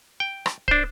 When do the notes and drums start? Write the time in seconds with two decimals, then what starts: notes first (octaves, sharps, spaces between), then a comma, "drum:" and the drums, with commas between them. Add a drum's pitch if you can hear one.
0.20 G5
0.46 drum: rim click
0.68 D4 C5, drum: kick D1